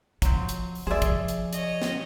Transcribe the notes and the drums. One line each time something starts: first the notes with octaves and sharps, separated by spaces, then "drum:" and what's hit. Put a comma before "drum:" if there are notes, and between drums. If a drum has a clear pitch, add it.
F3 F#3 C4, drum: kick, hi-hat
drum: hi-hat
drum: open hi-hat
F3 G#4 C5 D5 E5
drum: kick, hi-hat
drum: hi-hat
C#5 D#5, drum: hi-hat
drum: snare